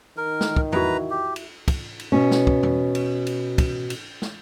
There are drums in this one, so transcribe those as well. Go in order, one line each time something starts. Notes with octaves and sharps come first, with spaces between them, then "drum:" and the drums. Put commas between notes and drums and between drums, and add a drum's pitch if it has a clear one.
D#3 A#4
drum: snare
drum: kick
E4 F#4 B4 A#5, drum: tom E2
G4
drum: cymbal
drum: kick, cymbal
drum: cymbal
B2 C#4
drum: snare
drum: kick
drum: tom E2
drum: cymbal
drum: cymbal
drum: kick, cymbal
drum: cymbal
drum: snare